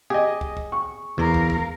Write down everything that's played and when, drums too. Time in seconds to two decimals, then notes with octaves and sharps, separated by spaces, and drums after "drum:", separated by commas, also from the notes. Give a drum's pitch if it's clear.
0.10 G4 G#4 D#5
0.41 drum: kick
0.57 drum: kick
0.72 C#6
1.18 E2 A#4 F5
1.34 drum: kick
1.50 drum: kick